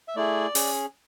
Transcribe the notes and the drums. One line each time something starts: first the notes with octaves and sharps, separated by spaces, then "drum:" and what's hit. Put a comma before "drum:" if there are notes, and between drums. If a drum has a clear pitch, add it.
E5
A3 E4 G#4 D5
C#4 G#4, drum: open hi-hat